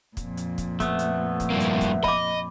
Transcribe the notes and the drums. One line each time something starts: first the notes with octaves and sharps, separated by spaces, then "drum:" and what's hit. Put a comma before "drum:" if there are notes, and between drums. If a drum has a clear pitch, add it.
F2 A#2, drum: kick, hi-hat
drum: hi-hat
drum: kick, hi-hat
A3 B3, drum: kick, hi-hat
drum: hi-hat
drum: kick, hi-hat
G2 A#3
drum: hi-hat
drum: kick, hi-hat
D#5 B5 D6, drum: kick